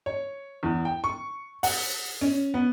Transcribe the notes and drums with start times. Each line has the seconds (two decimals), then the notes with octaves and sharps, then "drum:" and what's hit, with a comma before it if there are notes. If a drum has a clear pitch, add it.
0.06 C#5
0.63 E2
0.85 G5
1.04 C#6
1.63 F#5, drum: open hi-hat
2.21 C#4
2.54 B3